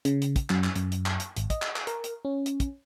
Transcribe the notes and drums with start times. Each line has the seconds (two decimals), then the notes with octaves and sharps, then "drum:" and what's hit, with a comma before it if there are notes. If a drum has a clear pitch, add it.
0.05 C#3, drum: hi-hat
0.22 drum: hi-hat
0.36 drum: kick, hi-hat
0.50 F#2, drum: clap
0.64 drum: clap
0.76 F#2, drum: hi-hat
0.92 drum: hi-hat
1.06 drum: clap
1.20 drum: hi-hat
1.37 G#1, drum: hi-hat
1.50 D#5, drum: kick, hi-hat
1.62 drum: clap
1.76 drum: clap
1.87 A#4, drum: hi-hat
2.04 drum: hi-hat
2.25 C#4
2.46 drum: hi-hat
2.60 drum: kick, hi-hat